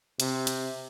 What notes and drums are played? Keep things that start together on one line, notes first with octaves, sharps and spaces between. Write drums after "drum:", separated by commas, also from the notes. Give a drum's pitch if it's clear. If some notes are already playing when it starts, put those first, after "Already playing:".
C3, drum: hi-hat
drum: hi-hat